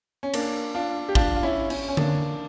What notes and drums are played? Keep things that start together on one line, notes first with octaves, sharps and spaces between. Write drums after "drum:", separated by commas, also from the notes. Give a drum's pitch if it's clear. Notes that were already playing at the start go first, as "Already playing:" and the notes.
C#4
A#3 D4, drum: cymbal
D4 F4
G4
D4 F4, drum: kick
F4
C#4 E4
C#4, drum: cymbal
C#4
A#3 D4, drum: tom D3